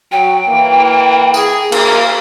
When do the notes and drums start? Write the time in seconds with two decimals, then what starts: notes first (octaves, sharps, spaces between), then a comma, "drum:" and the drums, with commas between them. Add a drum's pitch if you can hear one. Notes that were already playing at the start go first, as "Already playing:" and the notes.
0.12 F#3 G5
0.48 E3 A#3
1.34 G#4, drum: tambourine
1.72 A#3, drum: cymbal